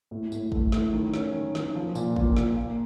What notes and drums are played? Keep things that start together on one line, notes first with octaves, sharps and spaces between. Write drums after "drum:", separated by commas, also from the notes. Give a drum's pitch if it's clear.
A2
A2, drum: tambourine
A3, drum: kick
A2, drum: snare
D#3
C#4, drum: snare
D#3
D#3, drum: snare
F3
A#2, drum: tambourine
A#2, drum: kick
A#2, drum: snare
A#3